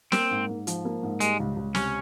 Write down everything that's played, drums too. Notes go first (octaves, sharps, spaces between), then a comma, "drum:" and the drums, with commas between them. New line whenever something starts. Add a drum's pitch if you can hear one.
A#3 C4, drum: snare
G#2
G#2
F3, drum: hi-hat
A#3
G#2
G3 G#3, drum: hi-hat
C#2
C#2
C3 C#4, drum: snare